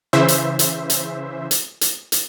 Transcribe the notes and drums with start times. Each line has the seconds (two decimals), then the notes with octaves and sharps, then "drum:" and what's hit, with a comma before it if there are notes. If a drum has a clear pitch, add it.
0.13 C#3 E3 C5 E5
0.28 drum: hi-hat
0.59 drum: hi-hat
0.90 drum: hi-hat
1.51 drum: hi-hat
1.81 drum: hi-hat
2.12 drum: hi-hat